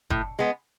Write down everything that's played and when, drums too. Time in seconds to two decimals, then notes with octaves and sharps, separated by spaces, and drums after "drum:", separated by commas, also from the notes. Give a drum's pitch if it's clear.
0.10 A2, drum: kick F#1
0.39 G#3 B3